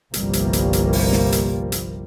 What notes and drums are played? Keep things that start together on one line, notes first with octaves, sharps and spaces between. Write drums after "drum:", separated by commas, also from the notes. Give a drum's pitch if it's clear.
G1 C2 F3 G3 A#3, drum: hi-hat
drum: hi-hat
drum: hi-hat
drum: hi-hat
drum: open hi-hat
drum: snare
drum: hi-hat
drum: hi-hat